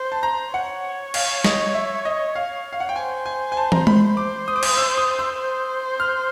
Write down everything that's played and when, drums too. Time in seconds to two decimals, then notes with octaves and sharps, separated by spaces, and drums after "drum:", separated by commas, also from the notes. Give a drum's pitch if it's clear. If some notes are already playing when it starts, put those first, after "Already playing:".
Already playing: C5
0.12 A5
0.23 A#5
0.53 C#5 F#5
1.14 F5, drum: cymbal
1.44 D#5, drum: snare
1.74 E5
2.05 D#5
2.35 F5
2.73 F5
2.80 F#5
2.89 G5
2.96 C5 G#5
3.26 G#5
3.52 G#5
3.57 A5
3.72 A#5, drum: tom
3.87 B5, drum: tom G#3
4.17 C5 D6
4.48 D#6
4.56 D6
4.63 D#6, drum: cymbal
4.77 E6
4.97 D#6
5.19 E6
5.38 C5
6.00 F6